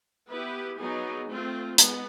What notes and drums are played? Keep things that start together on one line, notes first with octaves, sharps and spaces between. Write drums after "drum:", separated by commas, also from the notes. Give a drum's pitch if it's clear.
B3 E4 G4 B4
F#3 B3 D#4 G#4
A3 C4 F4
G#3 B3, drum: hi-hat